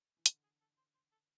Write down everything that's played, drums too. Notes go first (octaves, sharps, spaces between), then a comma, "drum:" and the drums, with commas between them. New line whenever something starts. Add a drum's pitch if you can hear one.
E3
D3 E4, drum: hi-hat
G#4
A4
C5
C5
A4